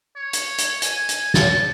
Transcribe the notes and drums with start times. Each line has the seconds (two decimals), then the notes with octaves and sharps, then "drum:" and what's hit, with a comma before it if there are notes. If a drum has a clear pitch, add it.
0.16 C#5
0.33 drum: hi-hat
0.58 drum: hi-hat
0.82 G#5, drum: hi-hat
1.09 drum: hi-hat
1.34 A5, drum: snare